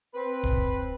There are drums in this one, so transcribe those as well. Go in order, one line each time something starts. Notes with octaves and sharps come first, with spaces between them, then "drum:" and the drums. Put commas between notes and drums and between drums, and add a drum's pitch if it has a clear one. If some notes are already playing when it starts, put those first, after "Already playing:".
C4 B4
drum: kick